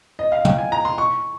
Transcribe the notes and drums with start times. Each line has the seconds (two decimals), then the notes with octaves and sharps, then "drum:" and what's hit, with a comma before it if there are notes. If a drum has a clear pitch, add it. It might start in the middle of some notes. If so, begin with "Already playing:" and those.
0.19 D#5
0.32 F5
0.45 G5, drum: tom
0.58 G#5
0.72 A#5
0.85 C6
0.98 C#6